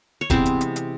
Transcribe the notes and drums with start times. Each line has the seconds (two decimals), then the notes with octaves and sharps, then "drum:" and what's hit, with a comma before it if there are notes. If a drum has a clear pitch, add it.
0.21 C#5
0.30 C3 E3 G#3 B3 C4 C5, drum: kick E1, hi-hat
0.46 drum: hi-hat
0.61 drum: hi-hat
0.76 drum: hi-hat